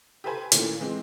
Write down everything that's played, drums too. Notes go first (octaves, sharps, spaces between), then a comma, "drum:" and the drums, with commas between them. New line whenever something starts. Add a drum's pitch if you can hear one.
G4 A4 B4 C5 G#5 B5
A#2 D#3 A3 C#4 E4, drum: hi-hat
E3 G#3 C4